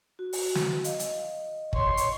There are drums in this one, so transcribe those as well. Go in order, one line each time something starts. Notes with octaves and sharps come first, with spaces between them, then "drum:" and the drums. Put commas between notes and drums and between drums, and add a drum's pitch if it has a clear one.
F#4
drum: open hi-hat
drum: snare
D#5 F5, drum: hi-hat
drum: hi-hat
C#5 C6, drum: kick
drum: hi-hat